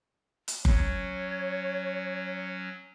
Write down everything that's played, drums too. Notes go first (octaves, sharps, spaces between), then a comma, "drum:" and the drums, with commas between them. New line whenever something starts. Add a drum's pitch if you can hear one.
drum: hi-hat
F#3 C#4 C#5, drum: kick F#1